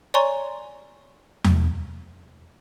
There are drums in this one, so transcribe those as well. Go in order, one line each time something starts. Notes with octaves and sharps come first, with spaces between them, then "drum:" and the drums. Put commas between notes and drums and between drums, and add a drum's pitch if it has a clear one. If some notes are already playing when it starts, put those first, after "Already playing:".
C#5 D5 G#5 A#5 C6 C#6
drum: tom E2